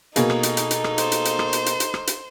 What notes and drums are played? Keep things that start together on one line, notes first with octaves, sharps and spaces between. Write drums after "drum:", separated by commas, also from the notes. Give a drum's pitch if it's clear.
B2 A#3 D#4 G#4 A4, drum: hi-hat
drum: rim click
drum: hi-hat
drum: hi-hat
drum: hi-hat
drum: rim click
C5, drum: hi-hat
drum: hi-hat
drum: hi-hat
drum: rim click
drum: hi-hat
drum: hi-hat
drum: hi-hat
drum: rim click
drum: hi-hat